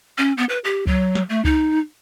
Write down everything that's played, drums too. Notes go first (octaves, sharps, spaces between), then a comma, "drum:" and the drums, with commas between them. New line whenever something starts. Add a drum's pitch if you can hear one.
C#4
B3
B4
G4
F#3, drum: kick C#2
drum: snare
A3
D#4, drum: kick C#2